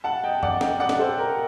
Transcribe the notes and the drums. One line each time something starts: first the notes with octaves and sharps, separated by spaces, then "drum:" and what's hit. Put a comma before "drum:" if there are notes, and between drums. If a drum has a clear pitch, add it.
F#5 A5
D#5 G5
D5 F#5, drum: tom F#2
D#5 G5, drum: snare
D5 F#5
drum: snare
A4 C5
A#4